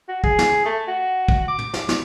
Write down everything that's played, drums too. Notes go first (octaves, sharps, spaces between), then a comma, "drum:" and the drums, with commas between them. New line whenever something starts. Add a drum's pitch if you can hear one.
F#4
G#4, drum: kick
drum: snare
A3
F#4
drum: kick
D6
drum: tom
drum: snare
drum: snare